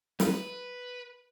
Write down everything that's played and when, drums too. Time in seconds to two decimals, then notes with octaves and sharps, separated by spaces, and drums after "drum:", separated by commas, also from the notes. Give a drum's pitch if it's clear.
0.20 B4, drum: snare